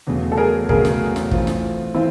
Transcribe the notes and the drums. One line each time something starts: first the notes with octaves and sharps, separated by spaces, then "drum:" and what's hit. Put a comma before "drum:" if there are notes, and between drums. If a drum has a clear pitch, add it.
E2 C#3 F#3 A3
A4
G#4 A#4
E2 C#3 F#3 A3 G#4 A#4, drum: kick
drum: snare
drum: snare
E3 A3 C4 F4, drum: kick
drum: snare
E3 A3 C4 E4 F4